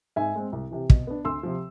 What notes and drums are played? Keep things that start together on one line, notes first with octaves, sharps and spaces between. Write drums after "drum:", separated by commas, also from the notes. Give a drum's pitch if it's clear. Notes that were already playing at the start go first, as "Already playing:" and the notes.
G#2 E5 G#5
G#3 C4
C2
C3 E3
B2, drum: kick
B3 D4
D2 C6 E6
C3 F3